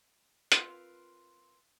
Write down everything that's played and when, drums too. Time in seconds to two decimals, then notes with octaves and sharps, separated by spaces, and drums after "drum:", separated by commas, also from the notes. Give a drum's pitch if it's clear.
0.52 C4 F4 A#4 B4 F5, drum: hi-hat